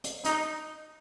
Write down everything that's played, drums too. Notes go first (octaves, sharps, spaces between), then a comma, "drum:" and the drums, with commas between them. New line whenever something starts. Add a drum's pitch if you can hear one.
drum: hi-hat
D#4, drum: hi-hat